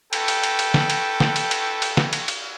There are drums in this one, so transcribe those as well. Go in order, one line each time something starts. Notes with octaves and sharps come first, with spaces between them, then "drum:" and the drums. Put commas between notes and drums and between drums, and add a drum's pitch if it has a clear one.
A4 B4 G5, drum: cymbal
drum: cymbal
drum: cymbal
drum: cymbal
drum: snare
drum: cymbal
drum: snare
drum: cymbal
drum: cymbal
drum: cymbal
drum: snare
drum: cymbal
drum: cymbal